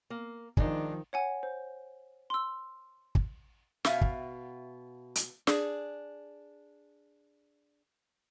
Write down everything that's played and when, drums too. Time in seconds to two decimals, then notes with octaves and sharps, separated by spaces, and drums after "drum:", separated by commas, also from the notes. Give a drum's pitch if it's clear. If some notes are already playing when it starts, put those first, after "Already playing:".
0.10 A#3
0.57 D#3 F3 G#3 D4 D#4, drum: kick
1.13 C#5 F#5 G#5
1.43 C5
2.30 C6 E6
3.15 drum: kick
3.85 B2 E5 F5, drum: snare
4.01 drum: kick
5.16 drum: hi-hat
5.47 D4 G#4, drum: snare